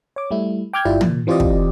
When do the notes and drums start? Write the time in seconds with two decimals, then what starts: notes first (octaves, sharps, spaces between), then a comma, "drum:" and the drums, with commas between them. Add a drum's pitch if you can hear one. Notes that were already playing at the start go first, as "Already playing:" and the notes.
0.16 C#5 D6
0.30 G3 A3 E4
0.73 G5 D6 F6 G6 G#6
0.85 G1 G2 E4 F4 G4 D5
1.01 A#2, drum: tom
1.27 E3 C4 F4 G4 D5 D#5
1.40 drum: kick